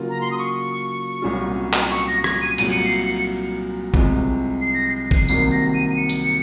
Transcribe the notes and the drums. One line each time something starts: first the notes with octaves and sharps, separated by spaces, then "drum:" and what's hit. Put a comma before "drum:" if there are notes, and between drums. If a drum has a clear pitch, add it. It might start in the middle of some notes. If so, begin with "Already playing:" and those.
Already playing: C#3 F#3 A#3 F4
A#5
C6
D#6
C#6
C2 A#2 F#3 C#4 F4
drum: clap
C#6
A#6
G#6, drum: rim click
D#7
C2 A#2 F#3 D#7, drum: cymbal
C#7
C7
C#7
C2 C3 F3 G#3, drum: kick A#1
C7
A#6
C7
drum: kick A#1
C2 C3 D#3 F#3 A#3 C7, drum: tambourine
A#6
D#7
C#7
drum: hi-hat